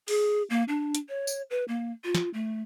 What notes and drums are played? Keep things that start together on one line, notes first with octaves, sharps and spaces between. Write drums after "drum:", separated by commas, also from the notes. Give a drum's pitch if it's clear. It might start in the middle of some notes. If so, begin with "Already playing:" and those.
G#4, drum: open hi-hat
A#3
D4
drum: hi-hat
C#5
drum: tambourine
B4
A#3
F4
drum: snare
A3